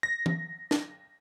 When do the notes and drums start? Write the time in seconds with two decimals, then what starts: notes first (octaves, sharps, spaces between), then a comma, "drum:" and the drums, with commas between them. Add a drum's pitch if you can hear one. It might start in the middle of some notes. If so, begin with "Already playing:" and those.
0.03 A#6
0.26 drum: tom
0.71 drum: snare